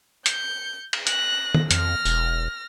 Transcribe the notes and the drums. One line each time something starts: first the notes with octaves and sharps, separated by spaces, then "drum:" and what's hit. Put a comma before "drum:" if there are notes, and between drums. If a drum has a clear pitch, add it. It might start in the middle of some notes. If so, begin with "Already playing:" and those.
G6 C#7, drum: hi-hat
drum: cymbal
F#6 A#6, drum: hi-hat
drum: tom
F2 F6 A#6, drum: hi-hat
E1, drum: tambourine